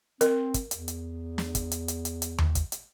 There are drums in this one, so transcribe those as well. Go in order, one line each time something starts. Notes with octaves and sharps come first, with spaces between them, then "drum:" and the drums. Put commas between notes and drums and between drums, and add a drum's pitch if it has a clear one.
C4 A#4, drum: hi-hat
drum: kick, hi-hat
E2, drum: hi-hat
drum: hi-hat
drum: snare
drum: kick, hi-hat
drum: hi-hat
drum: hi-hat
drum: hi-hat
drum: hi-hat
drum: tom D#2
drum: kick, hi-hat
drum: hi-hat